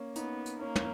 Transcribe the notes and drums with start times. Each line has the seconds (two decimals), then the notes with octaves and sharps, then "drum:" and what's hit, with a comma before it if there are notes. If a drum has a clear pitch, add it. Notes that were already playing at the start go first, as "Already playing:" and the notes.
Already playing: A#3 C#4
0.15 B3 D#4, drum: hi-hat
0.46 drum: hi-hat
0.60 A#3 C#4
0.76 drum: tom